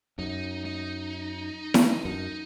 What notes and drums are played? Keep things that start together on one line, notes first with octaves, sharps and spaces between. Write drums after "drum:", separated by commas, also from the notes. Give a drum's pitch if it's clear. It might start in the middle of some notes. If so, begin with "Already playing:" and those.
F#2 D#4
D#4
drum: snare E4
F#2 D#4